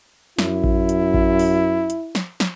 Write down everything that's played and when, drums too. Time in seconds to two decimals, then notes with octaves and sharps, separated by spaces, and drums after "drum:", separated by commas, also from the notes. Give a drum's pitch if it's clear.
0.39 F#2 E4, drum: snare
0.64 drum: kick A1
0.89 drum: hi-hat
1.14 drum: kick A1
1.39 drum: open hi-hat
1.90 drum: hi-hat
2.15 drum: snare
2.40 drum: snare